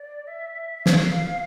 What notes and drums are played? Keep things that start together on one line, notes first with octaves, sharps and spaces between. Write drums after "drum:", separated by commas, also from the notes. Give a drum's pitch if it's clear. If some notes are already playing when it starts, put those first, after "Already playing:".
Already playing: D5
E5
F5, drum: snare